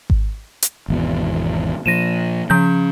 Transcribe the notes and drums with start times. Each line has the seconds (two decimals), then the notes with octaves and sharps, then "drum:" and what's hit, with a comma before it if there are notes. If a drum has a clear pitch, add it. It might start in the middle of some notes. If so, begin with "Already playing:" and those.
0.10 drum: kick G#1
0.62 drum: hi-hat
0.88 G#1 E2 B2
1.86 A#2 F3 A#6 D#7 E7
2.50 C#3 F3 G6